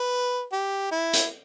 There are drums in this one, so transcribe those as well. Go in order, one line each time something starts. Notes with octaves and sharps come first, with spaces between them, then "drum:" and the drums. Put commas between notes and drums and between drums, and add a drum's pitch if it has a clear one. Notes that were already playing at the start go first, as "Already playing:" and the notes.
Already playing: B4
G4
E4
drum: hi-hat